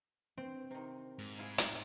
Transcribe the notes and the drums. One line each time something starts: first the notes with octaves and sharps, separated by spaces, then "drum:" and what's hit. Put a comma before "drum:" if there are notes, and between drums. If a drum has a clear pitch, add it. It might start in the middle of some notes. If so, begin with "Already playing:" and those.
C4
C3 D#3
G#2
E4 F4 G#4
D#4, drum: hi-hat